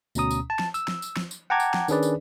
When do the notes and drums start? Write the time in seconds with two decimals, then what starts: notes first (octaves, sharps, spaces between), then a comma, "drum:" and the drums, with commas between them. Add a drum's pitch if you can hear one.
0.15 D2 B2 C#4 A#5 D#6, drum: tambourine
0.31 drum: tambourine
0.50 A5
0.59 drum: snare
0.74 E6, drum: tambourine
0.88 drum: snare
1.02 drum: tambourine
1.17 drum: snare
1.31 drum: tambourine
1.50 F#5 G5 A5 A#5 D6 G#6
1.60 drum: tambourine
1.74 drum: snare
1.88 D#3 C#4 D4 G#4 B4 D5, drum: tambourine
2.03 drum: tambourine